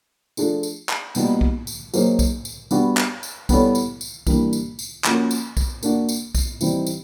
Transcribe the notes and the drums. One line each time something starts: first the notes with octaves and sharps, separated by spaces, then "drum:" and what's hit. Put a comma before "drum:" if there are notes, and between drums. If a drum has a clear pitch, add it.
F3 A3 D4 F4 G#4, drum: tambourine
drum: tambourine
drum: clap
A#2 G3 B3 D#4 F#4, drum: tambourine
drum: kick B1
drum: tambourine
F#3 A#3 D#4 G#4 C5, drum: tambourine
drum: kick B1, tambourine
drum: tambourine
G3 B3 D4 F#4, drum: tambourine
drum: clap
drum: tambourine
G3 B3 E4 A4 C#5, drum: kick B1, tambourine
drum: tambourine
drum: tambourine
E3 G3 A#3 D4, drum: kick B1, tambourine
drum: tambourine
drum: tambourine
F3 A#3 C#4 F#4 A#4, drum: clap
drum: tambourine
drum: kick B1, tambourine
A#3 D4 F#4, drum: tambourine
drum: tambourine
drum: kick B1, tambourine
E3 G3 C4 D#4, drum: tambourine
drum: tambourine